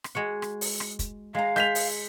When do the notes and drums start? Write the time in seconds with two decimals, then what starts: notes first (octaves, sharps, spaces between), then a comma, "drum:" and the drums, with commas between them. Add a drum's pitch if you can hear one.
0.04 drum: rim click
0.15 G#3 F#4 F#5
0.42 drum: rim click
0.61 drum: open hi-hat
0.80 drum: rim click
0.99 drum: kick, hi-hat
1.35 G#3 F5 A#5
1.56 G#3 G6 B6 F7, drum: rim click
1.75 drum: open hi-hat